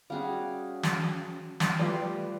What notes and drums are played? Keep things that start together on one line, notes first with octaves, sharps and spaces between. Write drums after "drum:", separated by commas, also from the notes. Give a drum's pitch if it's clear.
G3 C#4 F#4 G#4 F5
drum: snare
drum: snare
G3 A3 F4 G4 B4 D5